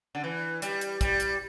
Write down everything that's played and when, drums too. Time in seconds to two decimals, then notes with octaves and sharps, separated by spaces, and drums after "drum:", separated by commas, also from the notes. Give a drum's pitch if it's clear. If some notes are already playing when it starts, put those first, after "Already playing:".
0.15 D3
0.24 E3
0.62 G3, drum: hi-hat
0.81 drum: hi-hat
1.01 G3, drum: kick, hi-hat
1.20 drum: hi-hat